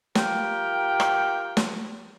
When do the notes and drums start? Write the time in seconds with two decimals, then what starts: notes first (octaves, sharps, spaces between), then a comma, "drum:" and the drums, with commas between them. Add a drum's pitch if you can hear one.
0.15 F4 G4 A#4 G5, drum: snare
1.00 drum: rim click
1.57 drum: snare